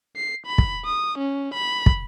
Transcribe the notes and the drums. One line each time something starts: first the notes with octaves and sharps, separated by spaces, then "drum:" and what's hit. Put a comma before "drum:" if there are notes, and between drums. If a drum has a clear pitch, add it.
C7
B5
drum: kick
D#6
C#4
B5
drum: kick